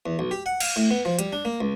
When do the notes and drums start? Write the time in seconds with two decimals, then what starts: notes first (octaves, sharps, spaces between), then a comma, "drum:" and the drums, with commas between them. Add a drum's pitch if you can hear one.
0.06 E2
0.19 B1
0.31 G4
0.46 F#5
0.60 F5, drum: cymbal
0.76 A2
0.91 B3
1.05 F3
1.19 G3, drum: hi-hat
1.33 D4
1.45 A#3
1.61 C#2